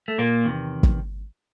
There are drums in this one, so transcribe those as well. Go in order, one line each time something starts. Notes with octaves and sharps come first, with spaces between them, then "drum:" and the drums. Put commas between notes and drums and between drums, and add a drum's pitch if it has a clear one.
A3
A#2 A#3
E2 C3 D#3
drum: kick